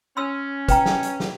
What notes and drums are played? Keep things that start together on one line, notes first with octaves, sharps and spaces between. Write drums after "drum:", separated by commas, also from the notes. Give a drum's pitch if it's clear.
C#4 C6 E6
B4 G5 A#5, drum: kick, hi-hat
drum: snare
drum: hi-hat
drum: snare